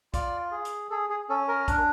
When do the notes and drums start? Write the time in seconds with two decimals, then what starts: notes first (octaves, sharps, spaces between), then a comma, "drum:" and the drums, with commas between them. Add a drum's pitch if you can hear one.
0.14 F4 D5, drum: kick, hi-hat
0.51 G#4
0.65 drum: hi-hat
0.90 G#4 A4
1.10 G#4
1.29 C#4 A4
1.48 A#4
1.68 D4, drum: kick, hi-hat